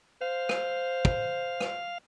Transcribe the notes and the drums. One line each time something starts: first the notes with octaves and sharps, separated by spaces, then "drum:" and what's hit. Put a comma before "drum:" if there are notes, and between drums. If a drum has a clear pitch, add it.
C5 F5
drum: rim click
drum: kick
drum: rim click